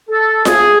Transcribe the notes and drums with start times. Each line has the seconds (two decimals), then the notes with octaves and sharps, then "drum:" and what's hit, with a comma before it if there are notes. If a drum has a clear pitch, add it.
0.09 A4
0.45 G#4, drum: snare F4